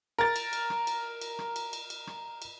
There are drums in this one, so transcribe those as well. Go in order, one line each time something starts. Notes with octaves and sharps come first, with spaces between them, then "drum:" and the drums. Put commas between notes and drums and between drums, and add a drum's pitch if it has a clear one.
A#4 A6
drum: cymbal
drum: cymbal
drum: rim click
drum: cymbal
drum: cymbal
drum: rim click
drum: cymbal
drum: cymbal
drum: cymbal
drum: rim click
drum: cymbal